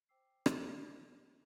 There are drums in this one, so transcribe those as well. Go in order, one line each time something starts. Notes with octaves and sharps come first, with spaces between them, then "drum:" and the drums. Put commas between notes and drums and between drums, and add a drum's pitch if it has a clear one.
C5 G5 D6 E6 C7
drum: rim click